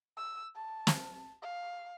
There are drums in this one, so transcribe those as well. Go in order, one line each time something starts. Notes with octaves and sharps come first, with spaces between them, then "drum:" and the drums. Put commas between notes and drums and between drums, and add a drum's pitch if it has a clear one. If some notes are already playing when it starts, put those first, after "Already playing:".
E6
A5
drum: snare
F5